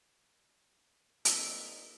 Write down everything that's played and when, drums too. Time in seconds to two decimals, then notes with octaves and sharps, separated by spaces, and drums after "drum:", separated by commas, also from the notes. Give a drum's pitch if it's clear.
1.25 G2 A#2 A#3 C4 D#4 A4 E6 B6, drum: hi-hat